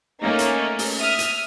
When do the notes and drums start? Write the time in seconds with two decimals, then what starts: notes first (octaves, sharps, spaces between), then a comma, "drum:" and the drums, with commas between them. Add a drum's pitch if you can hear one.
0.20 A3 A#3 C#4 D#4
0.39 drum: hi-hat
0.79 drum: open hi-hat
0.99 E5 D#6 F6
1.19 drum: hi-hat